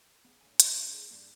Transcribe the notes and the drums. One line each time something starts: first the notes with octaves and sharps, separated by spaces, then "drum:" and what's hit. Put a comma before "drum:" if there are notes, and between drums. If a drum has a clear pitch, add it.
C#3 B3
A#2 D3 A3 C#5 G#5
G#2 D3 G4 A#4, drum: hi-hat
G#4
G2 G3 A#3 D4